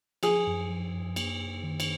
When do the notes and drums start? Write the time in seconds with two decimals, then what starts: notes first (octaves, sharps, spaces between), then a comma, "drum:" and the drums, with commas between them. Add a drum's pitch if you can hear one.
0.23 F3 G#4, drum: cymbal
0.47 F#2
0.70 F3
0.93 F#2
1.16 A#3, drum: cymbal
1.41 A#3
1.63 D#3
1.80 drum: cymbal